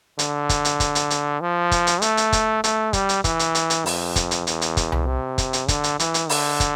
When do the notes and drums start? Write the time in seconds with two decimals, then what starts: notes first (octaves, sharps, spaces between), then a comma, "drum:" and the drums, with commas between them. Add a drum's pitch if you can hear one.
0.19 D3, drum: hi-hat
0.49 drum: kick, hi-hat
0.65 drum: hi-hat
0.80 drum: kick, hi-hat
0.95 drum: hi-hat
1.10 drum: hi-hat
1.41 F3
1.71 drum: kick, hi-hat
1.87 drum: hi-hat
2.02 A3, drum: hi-hat
2.17 drum: hi-hat
2.33 drum: kick, hi-hat
2.64 A3, drum: hi-hat
2.93 G3, drum: kick, hi-hat
3.09 drum: hi-hat
3.24 E3, drum: kick, hi-hat
3.39 drum: hi-hat
3.55 drum: hi-hat
3.70 drum: hi-hat
3.86 F2, drum: open hi-hat
4.16 drum: kick, hi-hat
4.31 drum: hi-hat
4.47 E2, drum: hi-hat
4.62 drum: hi-hat
4.77 drum: kick, hi-hat
4.92 drum: tom C2
5.07 C3
5.38 drum: kick, hi-hat
5.53 drum: hi-hat
5.68 D3, drum: kick, hi-hat
5.84 drum: hi-hat
5.99 E3, drum: hi-hat
6.14 drum: hi-hat
6.29 D3, drum: open hi-hat
6.60 drum: kick, hi-hat